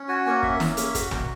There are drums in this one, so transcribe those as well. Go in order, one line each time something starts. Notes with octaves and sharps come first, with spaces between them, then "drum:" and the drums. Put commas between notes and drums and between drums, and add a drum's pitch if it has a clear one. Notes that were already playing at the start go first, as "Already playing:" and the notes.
Already playing: C#4
F#4 G#5
A#3 G#5
C#4 E5, drum: kick
A#3, drum: snare
C#4, drum: hi-hat
F#4, drum: kick, hi-hat
A#3, drum: tom A#1